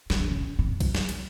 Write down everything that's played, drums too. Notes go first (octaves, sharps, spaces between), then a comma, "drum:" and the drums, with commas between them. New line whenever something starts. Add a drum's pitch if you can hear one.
C#3, drum: snare
D3
C#3
C3
drum: kick A#1, cymbal
drum: snare
drum: cymbal